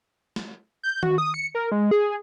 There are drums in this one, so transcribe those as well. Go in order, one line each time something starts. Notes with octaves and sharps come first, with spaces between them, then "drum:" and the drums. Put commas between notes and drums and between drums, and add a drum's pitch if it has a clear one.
drum: snare
G6
F#4, drum: tom D#3
D#6
C#7
A#4
G#3
G#4